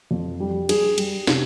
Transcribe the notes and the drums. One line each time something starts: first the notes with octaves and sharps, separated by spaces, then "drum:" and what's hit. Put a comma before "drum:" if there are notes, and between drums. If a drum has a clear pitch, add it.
F2
G3
G3 G#4, drum: cymbal
G3, drum: cymbal
C3, drum: snare